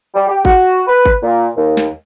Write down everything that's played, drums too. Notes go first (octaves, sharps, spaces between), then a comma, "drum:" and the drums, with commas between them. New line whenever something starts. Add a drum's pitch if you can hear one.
G3
G4
F#4, drum: kick G#1
B4
drum: kick G#1
A#2
D#2
drum: snare